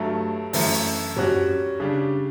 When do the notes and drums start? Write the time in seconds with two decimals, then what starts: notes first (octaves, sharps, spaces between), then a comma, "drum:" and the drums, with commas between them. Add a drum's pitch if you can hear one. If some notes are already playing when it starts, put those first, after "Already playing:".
Already playing: G2 F#3 A3
0.53 F#2 E3 A3, drum: open hi-hat
1.16 G3 C#4 F#4, drum: tom F#2
1.80 C#3 G3 D4